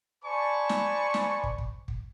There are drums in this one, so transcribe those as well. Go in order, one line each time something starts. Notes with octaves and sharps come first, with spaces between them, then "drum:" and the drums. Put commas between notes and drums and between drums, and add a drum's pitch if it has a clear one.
C5 D5 G#5 A5 B5 C#6
drum: snare
drum: snare
drum: kick
drum: kick
drum: kick